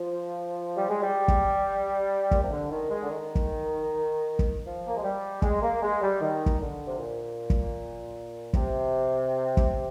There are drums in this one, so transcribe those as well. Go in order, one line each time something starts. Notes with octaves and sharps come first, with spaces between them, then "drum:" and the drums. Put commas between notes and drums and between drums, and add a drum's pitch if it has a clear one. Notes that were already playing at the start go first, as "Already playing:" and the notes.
Already playing: F3
G3
G#3
G3
drum: kick
A#2, drum: kick
C3
D3
D#3
G#3
D3
D#3
drum: kick
drum: kick
F3
A#3
G#3
G3
G#3, drum: kick
A#3
G#3
G3
D#3
drum: kick
D3
C3
A#2
drum: kick
C3, drum: kick
drum: kick